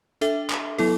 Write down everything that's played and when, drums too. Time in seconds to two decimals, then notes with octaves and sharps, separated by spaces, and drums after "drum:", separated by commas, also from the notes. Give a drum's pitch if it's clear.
0.21 D4 A4 E5, drum: hi-hat
0.50 drum: clap
0.78 F#3 B3 E4 A4, drum: open hi-hat